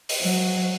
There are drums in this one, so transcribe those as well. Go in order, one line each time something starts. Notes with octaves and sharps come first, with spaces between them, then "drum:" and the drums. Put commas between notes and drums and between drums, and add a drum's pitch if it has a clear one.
drum: open hi-hat
F#3